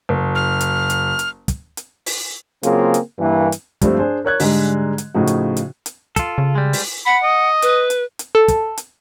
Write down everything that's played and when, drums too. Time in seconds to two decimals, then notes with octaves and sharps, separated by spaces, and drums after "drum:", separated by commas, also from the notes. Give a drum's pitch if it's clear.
0.09 F#1
0.35 F6
0.61 drum: hi-hat
0.90 drum: hi-hat
1.19 drum: hi-hat
1.48 drum: kick, hi-hat
1.77 drum: hi-hat
2.06 drum: open hi-hat
2.63 C#3 F#3 A#3 C4 F4 G#4, drum: hi-hat
2.94 drum: hi-hat
3.19 G2 E3 A#3
3.52 drum: hi-hat
3.81 G2 F3 G3 A3 C4, drum: kick, hi-hat
3.99 D4 G#4 C5
4.25 A#4 C#5 F#6 G#6
4.40 G#2 D3 G3 G#3, drum: open hi-hat
4.98 drum: hi-hat
5.14 A2 C#3 F3 D#4 F#4
5.27 drum: hi-hat
5.57 drum: hi-hat
5.86 drum: hi-hat
6.16 F4 A4, drum: kick, hi-hat
6.38 C#3
6.55 G3 G#3
6.73 drum: open hi-hat
7.06 F#5 B5
7.24 D#5
7.62 B4, drum: hi-hat
7.90 drum: hi-hat
8.19 drum: hi-hat
8.35 A4
8.48 drum: kick, hi-hat
8.78 drum: hi-hat